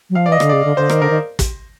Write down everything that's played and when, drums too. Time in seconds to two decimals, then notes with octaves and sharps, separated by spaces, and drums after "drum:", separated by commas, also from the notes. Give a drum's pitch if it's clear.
0.10 F#3
0.15 F3 F5
0.26 D5
0.28 E3 D#5
0.40 D3, drum: rim click
0.49 C#3 D5
0.65 D3
0.77 D3 C5
0.89 D#3 A#4, drum: rim click
1.01 D3 A#4
1.10 D#3
1.39 drum: kick, hi-hat